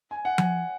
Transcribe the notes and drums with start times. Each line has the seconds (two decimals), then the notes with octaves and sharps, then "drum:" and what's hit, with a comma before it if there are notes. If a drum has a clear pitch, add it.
0.11 G#5
0.25 F#5
0.38 G#5, drum: tom F3